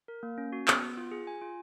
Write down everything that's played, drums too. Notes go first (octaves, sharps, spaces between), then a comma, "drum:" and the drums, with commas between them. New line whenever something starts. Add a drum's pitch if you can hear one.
A#4
A#3
C#4
F#4
B3, drum: clap
B3
F4
G#4
G#5
F4